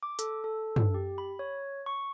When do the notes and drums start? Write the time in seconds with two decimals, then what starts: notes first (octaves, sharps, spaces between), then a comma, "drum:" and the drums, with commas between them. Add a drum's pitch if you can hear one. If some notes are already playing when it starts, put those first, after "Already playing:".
0.03 D6
0.19 A4, drum: hi-hat
0.44 A4
0.76 drum: tom
0.94 G4
1.18 B5
1.39 C#5
1.86 C#6